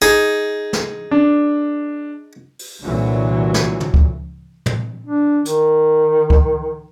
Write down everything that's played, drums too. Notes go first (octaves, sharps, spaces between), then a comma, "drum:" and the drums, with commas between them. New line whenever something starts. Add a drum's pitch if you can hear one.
D#4 G#4
drum: snare
D4
drum: open hi-hat
C2 A#2 D3 E3 F#3
drum: snare
drum: tom
drum: kick C#2
drum: tom
D4
D#3, drum: hi-hat
drum: kick C#2